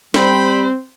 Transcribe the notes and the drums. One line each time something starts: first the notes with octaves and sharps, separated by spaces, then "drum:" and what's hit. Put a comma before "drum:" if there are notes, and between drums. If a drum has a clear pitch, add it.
G3 C4 C5 G5 B5, drum: snare